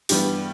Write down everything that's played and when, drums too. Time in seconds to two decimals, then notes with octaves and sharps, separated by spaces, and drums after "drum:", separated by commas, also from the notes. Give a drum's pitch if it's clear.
0.09 G2 E3 G3 B3 G4, drum: open hi-hat